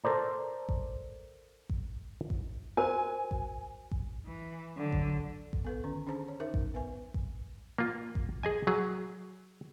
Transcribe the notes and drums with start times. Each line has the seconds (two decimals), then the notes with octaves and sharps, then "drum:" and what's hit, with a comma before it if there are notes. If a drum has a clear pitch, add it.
0.04 A4 A#4 C5 D5 A#5
0.69 drum: kick A1
1.70 drum: kick A1
2.30 drum: kick A1
2.77 F#4 A#4 C5 G#5
3.31 drum: kick A1
3.91 drum: kick A1
4.26 E3
4.77 D3 F#3
4.92 drum: kick A1
5.53 drum: kick A1
5.65 B3 A4 B4
5.83 D3 D#3 C#4
6.07 C#4 D4 G#4 C5 A5 A#5
6.28 C5 C#5
6.40 D#4 A#4 C5 E5
6.54 drum: kick A1
6.74 B3 B4 E5 G#5
7.14 drum: kick A1
7.78 A#3 F4
8.15 drum: kick A1
8.43 G#4 D#5 G#5
8.67 F#3 G#4